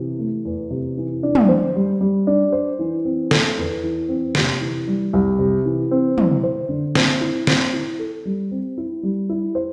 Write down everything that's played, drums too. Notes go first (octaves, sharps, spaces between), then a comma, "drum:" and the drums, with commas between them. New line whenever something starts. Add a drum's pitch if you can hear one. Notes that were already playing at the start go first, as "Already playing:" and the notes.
Already playing: C3 E3
A3
E2
C3
E3
D4
drum: tom
C5
G3
G3
D4
C5
E3
C4
A4, drum: snare
E2
E3
C4
C3, drum: snare
E3
G3
C2
C3
E3
C4
E4, drum: tom
C5
D3
C4, drum: snare
E4
C4, drum: snare
E4
A4
G3
C4
E4
G3
E4
C5